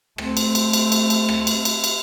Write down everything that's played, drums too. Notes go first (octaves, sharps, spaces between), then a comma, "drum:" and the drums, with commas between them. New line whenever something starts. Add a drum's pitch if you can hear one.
A3 C4, drum: rim click
drum: cymbal
drum: cymbal
drum: cymbal
drum: cymbal
drum: cymbal
drum: rim click
drum: cymbal
drum: cymbal
drum: cymbal